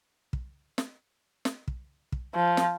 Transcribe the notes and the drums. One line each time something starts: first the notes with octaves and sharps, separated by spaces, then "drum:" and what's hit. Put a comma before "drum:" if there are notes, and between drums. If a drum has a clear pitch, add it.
drum: kick
drum: snare
drum: snare
drum: kick
drum: kick
F3
drum: snare